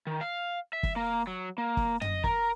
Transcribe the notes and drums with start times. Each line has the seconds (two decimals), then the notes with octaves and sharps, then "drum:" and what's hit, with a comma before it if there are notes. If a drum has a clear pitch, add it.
0.07 D#3
0.21 F5
0.73 E5
0.83 drum: kick
0.96 A#3
1.27 F#3
1.58 A#3
1.77 drum: kick
2.01 D#5, drum: tom
2.24 A#4, drum: kick